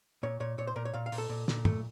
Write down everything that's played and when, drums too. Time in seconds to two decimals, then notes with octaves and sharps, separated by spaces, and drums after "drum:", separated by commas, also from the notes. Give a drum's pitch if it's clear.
0.23 A#2 C#5
0.40 A#2 C#5
0.58 A#2 C#5
0.67 C5
0.76 A#2 A#4
0.85 C#5
0.94 A#2 F5
1.06 F5
1.12 A#2, drum: open hi-hat
1.18 A4
1.29 A#2
1.48 A#2, drum: snare
1.65 A3, drum: tom